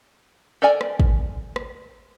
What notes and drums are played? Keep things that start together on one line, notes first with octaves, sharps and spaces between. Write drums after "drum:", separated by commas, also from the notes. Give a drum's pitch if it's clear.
A4 A#4 D5 G#5
drum: rim click
drum: kick
drum: rim click